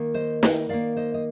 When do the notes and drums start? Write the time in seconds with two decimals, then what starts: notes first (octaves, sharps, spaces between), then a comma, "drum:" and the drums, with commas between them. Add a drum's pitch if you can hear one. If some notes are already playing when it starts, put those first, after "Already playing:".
Already playing: D#3 A#3
0.14 C5 D#5
0.43 D#5 G5, drum: snare
0.69 D#3 A#3 D5 F5
0.96 C5 D#5
1.14 D#5